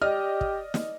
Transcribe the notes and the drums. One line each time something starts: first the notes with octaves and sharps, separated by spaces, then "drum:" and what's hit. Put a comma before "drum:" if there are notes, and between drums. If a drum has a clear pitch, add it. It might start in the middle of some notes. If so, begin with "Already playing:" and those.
G4 D5 D#5 F6
drum: kick
drum: snare